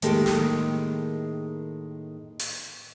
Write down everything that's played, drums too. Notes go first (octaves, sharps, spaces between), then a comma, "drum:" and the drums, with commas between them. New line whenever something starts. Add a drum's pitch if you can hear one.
A2 D#3 G#3 A#3 G4 A4, drum: hi-hat
drum: snare
drum: open hi-hat